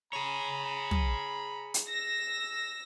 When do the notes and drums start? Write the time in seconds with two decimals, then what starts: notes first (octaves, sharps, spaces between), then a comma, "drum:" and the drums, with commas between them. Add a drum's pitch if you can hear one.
0.13 G#4 C#5 A#5 B5
0.91 drum: tom
1.74 drum: hi-hat
1.87 E6 A#6